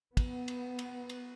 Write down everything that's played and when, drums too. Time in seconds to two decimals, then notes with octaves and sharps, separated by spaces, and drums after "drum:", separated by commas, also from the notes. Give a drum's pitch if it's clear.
0.17 B3, drum: kick, cymbal
0.48 drum: cymbal
0.79 drum: cymbal
1.09 drum: cymbal